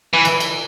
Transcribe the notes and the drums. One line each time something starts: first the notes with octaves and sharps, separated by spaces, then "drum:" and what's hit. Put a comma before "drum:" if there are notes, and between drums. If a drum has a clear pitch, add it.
E3
drum: cymbal
drum: cymbal